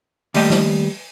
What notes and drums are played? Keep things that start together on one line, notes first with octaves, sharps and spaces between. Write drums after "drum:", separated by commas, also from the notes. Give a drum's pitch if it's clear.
D#2 G3 A3 D#5 G5, drum: open hi-hat
drum: snare